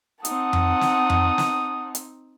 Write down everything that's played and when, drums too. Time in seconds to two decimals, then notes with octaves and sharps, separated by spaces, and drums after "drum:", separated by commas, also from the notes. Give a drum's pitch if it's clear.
0.25 C4 D#4 F#5 A5 D#6, drum: hi-hat
0.53 drum: tom F2
0.81 drum: snare
1.10 drum: tom F2
1.38 drum: snare
1.95 drum: hi-hat